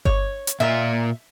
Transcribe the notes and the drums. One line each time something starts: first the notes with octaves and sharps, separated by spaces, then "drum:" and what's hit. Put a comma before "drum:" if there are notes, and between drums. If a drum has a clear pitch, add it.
C#5, drum: kick G1
drum: hi-hat
A#2 F4 E5